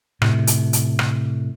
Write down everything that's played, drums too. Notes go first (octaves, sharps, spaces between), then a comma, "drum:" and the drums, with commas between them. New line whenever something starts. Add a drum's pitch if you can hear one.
A2 C3, drum: rim click
drum: hi-hat
drum: hi-hat
drum: rim click